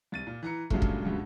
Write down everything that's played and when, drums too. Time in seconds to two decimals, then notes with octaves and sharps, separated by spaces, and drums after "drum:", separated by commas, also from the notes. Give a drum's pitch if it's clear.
0.12 C2 A6 D#7
0.27 A#2
0.43 E3 A#5 C#7
0.70 G2 A#2 C#3 F#3 G#3 A3, drum: kick
0.82 drum: kick
1.05 C#2 G2 B2